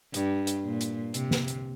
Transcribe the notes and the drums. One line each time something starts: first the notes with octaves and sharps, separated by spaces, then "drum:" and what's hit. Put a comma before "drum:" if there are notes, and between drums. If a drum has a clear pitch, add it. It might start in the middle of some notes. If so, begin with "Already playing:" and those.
G2, drum: hi-hat
drum: hi-hat
A#2
drum: hi-hat
C3, drum: hi-hat
drum: snare
drum: hi-hat